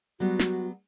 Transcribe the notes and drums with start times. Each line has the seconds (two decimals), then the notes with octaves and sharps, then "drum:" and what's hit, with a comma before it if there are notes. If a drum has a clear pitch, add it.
0.20 F#3 G3 B3 F#4
0.39 drum: snare